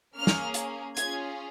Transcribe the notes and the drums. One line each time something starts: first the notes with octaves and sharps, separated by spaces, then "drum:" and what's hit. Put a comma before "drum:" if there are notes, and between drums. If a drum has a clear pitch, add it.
A#3 C#4 G#4 F6
drum: snare
drum: hi-hat
C#4 F4 G#4 G#6, drum: hi-hat